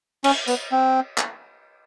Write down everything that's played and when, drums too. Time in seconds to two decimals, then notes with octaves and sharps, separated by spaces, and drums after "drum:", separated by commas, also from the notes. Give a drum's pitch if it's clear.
0.24 C#4, drum: cymbal
0.47 B3, drum: tambourine
0.72 C4
1.18 drum: clap